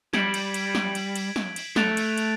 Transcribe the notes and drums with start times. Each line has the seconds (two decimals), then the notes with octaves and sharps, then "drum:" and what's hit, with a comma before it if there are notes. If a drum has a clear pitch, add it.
0.13 G3 G#6 B6 D7 F#7, drum: snare
0.34 drum: cymbal
0.54 drum: cymbal
0.75 drum: snare
0.95 drum: cymbal
1.15 drum: cymbal
1.36 drum: snare
1.56 drum: cymbal
1.76 A3 F#6 A6 D7 F7, drum: snare
1.97 drum: cymbal
2.17 drum: cymbal